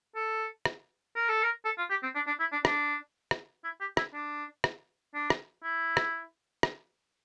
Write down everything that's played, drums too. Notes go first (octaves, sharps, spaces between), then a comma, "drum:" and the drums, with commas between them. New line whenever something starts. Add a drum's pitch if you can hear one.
A4
drum: rim click
A#4
A4
A#4
A4
F4
G4
C4
D4
D4
E4
D4
D4, drum: rim click
drum: rim click
E4
G4
E4, drum: rim click
D4
drum: rim click
D4
drum: rim click
E4
drum: rim click
drum: rim click